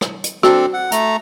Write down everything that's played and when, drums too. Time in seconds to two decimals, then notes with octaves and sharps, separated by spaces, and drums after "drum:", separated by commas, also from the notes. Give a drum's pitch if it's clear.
0.01 drum: rim click
0.24 drum: hi-hat
0.43 C4 D4 F#4 A4, drum: rim click
0.74 F#5
0.91 A3 A#5, drum: hi-hat